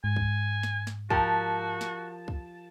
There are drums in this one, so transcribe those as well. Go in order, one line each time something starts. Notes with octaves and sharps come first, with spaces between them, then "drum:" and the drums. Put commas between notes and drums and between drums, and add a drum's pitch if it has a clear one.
G#2 G#5
drum: kick
drum: snare
drum: snare
F3 F#4 G4 A#4 A5, drum: kick
drum: snare
drum: kick